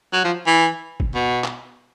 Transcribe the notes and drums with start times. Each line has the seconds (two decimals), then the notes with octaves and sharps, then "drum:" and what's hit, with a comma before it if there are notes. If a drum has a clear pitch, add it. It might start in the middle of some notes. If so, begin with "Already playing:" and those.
0.13 F#3
0.24 F3
0.47 E3
1.00 drum: kick G1
1.15 B2
1.44 drum: clap